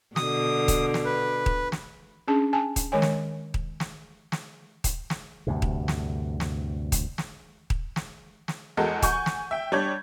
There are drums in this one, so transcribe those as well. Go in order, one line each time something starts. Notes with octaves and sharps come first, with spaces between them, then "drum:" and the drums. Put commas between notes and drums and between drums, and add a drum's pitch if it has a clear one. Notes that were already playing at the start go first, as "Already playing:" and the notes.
B2 D3 D#6, drum: snare
drum: kick D#1, hi-hat
drum: snare
B4
drum: kick D#1
drum: snare
C#4 D4 G#4 A5
G#5 A5
drum: kick D#1, hi-hat
D#3 G#3 C#5 G#5
drum: snare
drum: kick D#1
drum: snare
drum: snare
drum: kick D#1, hi-hat
drum: snare
D2 G2 C3
drum: kick D#1
drum: snare
drum: snare
drum: kick D#1, hi-hat
drum: snare
drum: kick D#1
drum: snare
drum: snare
E2 G#3 F#4 A4 A#4 D#5
F#5 G#5 C#6 G6, drum: kick D#1, hi-hat
drum: snare
E5 G5
G3 D4 C#5 G6 G#6